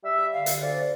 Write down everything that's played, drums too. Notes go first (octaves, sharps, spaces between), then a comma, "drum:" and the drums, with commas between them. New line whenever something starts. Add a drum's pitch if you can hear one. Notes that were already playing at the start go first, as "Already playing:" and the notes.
G3 E5
D3 F5
drum: hi-hat
D2 D5